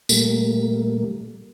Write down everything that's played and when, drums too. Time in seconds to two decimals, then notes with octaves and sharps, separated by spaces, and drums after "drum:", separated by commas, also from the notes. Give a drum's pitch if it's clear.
0.09 A#2 G3 A3 A#3, drum: tambourine